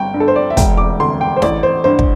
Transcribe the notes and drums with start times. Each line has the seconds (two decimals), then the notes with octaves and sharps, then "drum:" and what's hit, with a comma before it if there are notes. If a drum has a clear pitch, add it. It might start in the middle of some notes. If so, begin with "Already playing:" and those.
Already playing: G1 G5
0.14 G2
0.20 A4
0.28 C5
0.36 D5
0.50 E5
0.57 E1 G5, drum: kick, hi-hat
0.77 D6
1.00 D2 C6
1.21 G5
1.37 C5
1.42 A1 D5, drum: snare
1.63 C5
1.84 G2 C5
1.99 drum: kick